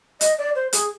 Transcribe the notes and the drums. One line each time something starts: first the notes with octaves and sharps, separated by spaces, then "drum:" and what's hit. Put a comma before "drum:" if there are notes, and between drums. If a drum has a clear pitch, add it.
D#5, drum: hi-hat
D5
C5
G#4, drum: hi-hat